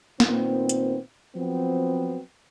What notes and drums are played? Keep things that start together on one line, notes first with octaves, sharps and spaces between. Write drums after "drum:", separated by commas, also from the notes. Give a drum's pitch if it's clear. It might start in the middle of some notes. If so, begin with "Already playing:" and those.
A#2 D#3 B3 C4, drum: snare
drum: hi-hat
F3 F#3 B3 C4